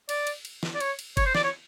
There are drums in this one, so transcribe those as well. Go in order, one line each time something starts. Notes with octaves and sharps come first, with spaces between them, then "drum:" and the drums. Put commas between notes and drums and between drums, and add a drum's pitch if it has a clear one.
D5, drum: cymbal
drum: cymbal
drum: cymbal
drum: snare
D5
C#5, drum: cymbal
drum: cymbal
C#5, drum: kick F#1, cymbal
C5
D5, drum: snare
C#5